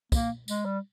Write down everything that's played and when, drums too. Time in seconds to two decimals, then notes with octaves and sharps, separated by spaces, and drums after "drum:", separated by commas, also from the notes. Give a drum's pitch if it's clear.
0.12 A#3, drum: kick, tambourine
0.48 G#3, drum: tambourine
0.65 G3